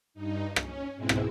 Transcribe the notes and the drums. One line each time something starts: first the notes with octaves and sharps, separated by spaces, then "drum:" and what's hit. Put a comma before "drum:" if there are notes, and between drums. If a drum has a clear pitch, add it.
G2 D#4
C#4, drum: rim click
G#2 B2 G#3 C4 E4
drum: rim click